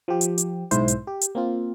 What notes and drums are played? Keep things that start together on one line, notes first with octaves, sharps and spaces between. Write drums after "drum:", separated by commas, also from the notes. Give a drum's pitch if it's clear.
F3 G4
drum: hi-hat
drum: hi-hat
B1 G#2 E4 C5, drum: hi-hat
drum: hi-hat
G4
drum: hi-hat
A#3 C4 F4